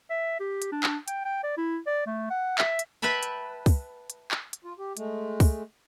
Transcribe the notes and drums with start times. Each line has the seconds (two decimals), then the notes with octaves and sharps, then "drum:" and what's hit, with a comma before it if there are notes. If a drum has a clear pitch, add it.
0.10 E5
0.40 G4
0.62 drum: hi-hat
0.72 D4
0.83 drum: clap
1.08 G5, drum: hi-hat
1.25 G5
1.44 D5
1.57 E4
1.87 D5
2.06 A3
2.30 F#5
2.58 E5, drum: clap
2.79 drum: hi-hat
3.02 B4 E5 G5 A5 B5
3.23 drum: hi-hat
3.66 drum: kick, open hi-hat
4.10 drum: hi-hat
4.31 drum: clap
4.53 drum: hi-hat
4.64 F4
4.79 G4
4.97 G#3 A3, drum: hi-hat
5.40 drum: kick, open hi-hat